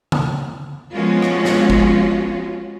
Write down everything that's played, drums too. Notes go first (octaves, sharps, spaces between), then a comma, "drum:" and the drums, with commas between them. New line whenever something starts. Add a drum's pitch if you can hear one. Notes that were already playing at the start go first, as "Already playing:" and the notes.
drum: tom C#3
F3 G#3 B3 C#4 F4 F#4
drum: rim click
drum: snare
drum: kick